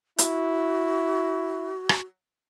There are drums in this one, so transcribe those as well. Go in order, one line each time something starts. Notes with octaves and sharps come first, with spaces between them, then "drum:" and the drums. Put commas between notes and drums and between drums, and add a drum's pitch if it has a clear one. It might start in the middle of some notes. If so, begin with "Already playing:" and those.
E4 F#4, drum: hi-hat
drum: rim click